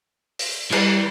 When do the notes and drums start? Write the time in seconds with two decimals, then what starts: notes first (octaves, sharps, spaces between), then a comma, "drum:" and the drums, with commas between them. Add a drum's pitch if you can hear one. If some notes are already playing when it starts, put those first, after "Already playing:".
0.39 drum: open hi-hat
0.72 E3 G3, drum: cymbal